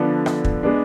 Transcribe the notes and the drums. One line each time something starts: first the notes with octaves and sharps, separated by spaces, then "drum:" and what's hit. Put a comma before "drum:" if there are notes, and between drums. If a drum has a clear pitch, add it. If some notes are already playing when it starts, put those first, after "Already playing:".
Already playing: D3 F3 B3 D4 A4
drum: rim click
drum: kick
G#3 B3 D4